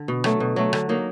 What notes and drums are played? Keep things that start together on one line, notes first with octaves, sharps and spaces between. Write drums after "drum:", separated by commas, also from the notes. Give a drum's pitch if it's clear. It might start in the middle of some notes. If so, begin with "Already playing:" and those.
Already playing: D3
B2
F#3 A3, drum: rim click
B2
F#3 A3
D3, drum: rim click
F#3 A#3 D#4